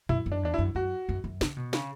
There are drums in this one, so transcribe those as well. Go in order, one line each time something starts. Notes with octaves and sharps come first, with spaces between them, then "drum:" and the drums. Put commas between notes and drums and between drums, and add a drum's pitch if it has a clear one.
F#2 E4, drum: tom A#2
F#2
D4
E2 D4
E4
F#2
F#2 F#4
F#2
F#2
C#3, drum: snare
B2
C#3, drum: snare